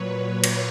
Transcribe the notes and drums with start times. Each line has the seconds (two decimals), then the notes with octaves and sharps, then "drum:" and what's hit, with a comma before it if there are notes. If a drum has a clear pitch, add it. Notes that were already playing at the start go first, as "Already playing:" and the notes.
Already playing: A#2 F#3 B4 C#5
0.44 drum: cymbal